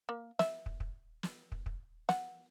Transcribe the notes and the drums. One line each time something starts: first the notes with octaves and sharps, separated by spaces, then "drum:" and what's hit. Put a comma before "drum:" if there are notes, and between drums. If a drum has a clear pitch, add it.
A#3
E5, drum: snare
drum: kick
drum: kick
drum: snare
drum: kick
drum: kick
F#5, drum: snare